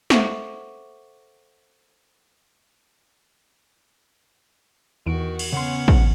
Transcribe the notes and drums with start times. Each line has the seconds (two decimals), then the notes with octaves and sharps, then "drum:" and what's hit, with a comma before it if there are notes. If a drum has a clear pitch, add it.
0.10 A4 C5 E5 F#5 C#6 D6, drum: snare
5.06 E2 D#3 E3 F#4 D7
5.39 drum: cymbal
5.53 C#3 B3 C#4 F#5 C6
5.88 drum: kick